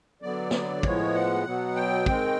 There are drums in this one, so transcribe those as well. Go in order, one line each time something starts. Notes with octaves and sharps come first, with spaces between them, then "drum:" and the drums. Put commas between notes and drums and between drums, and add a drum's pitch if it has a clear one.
D3 F#3 B3 D5
drum: snare
A2 F3 G#3 B3 C#5, drum: kick
F#5
B2 F#3 B3
G5
D#3 G#3 C4, drum: kick